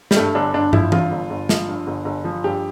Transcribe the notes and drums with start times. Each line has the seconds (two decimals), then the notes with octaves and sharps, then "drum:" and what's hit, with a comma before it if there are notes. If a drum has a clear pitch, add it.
0.11 G3, drum: snare
0.16 G2 A3
0.35 G1 D4
0.54 G1 D4
0.73 F3 E4, drum: tom
0.92 G2 F4, drum: tom E3
1.11 G1
1.30 G1
1.49 F3, drum: snare
1.68 G2
1.87 G1
2.05 G1
2.24 F3
2.44 G2 G4